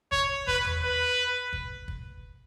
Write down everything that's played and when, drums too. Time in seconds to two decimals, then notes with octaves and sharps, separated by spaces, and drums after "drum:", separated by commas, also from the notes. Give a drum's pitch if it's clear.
0.12 C#5, drum: kick
0.47 B4, drum: kick
0.64 drum: tom E2
0.82 B4
1.53 drum: kick
1.88 drum: kick